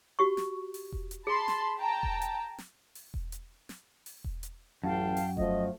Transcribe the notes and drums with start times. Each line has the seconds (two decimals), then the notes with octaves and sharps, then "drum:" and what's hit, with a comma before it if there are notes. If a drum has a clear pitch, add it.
0.19 F#4 G4 C#6
0.37 drum: snare
0.74 drum: open hi-hat
0.92 drum: kick E1
1.11 drum: hi-hat
1.27 G#4 A5 B5 C6
1.48 drum: snare
1.79 G5 A5 A#5
2.03 drum: kick E1
2.22 drum: hi-hat
2.58 drum: snare
2.95 drum: open hi-hat
3.14 drum: kick E1
3.32 drum: hi-hat
3.69 drum: snare
4.06 drum: open hi-hat
4.24 drum: kick E1
4.43 drum: hi-hat
4.83 A1 F#2 F5 G5 A5
5.17 drum: open hi-hat
5.37 F3 A3 D#5, drum: kick E1